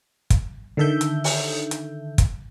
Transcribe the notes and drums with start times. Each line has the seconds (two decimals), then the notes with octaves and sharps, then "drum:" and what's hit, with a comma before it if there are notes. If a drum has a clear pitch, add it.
0.30 drum: kick, hi-hat
0.77 D3 D#3 A4 E5 G6
1.01 drum: hi-hat
1.24 drum: open hi-hat
1.71 drum: hi-hat
2.18 drum: kick, hi-hat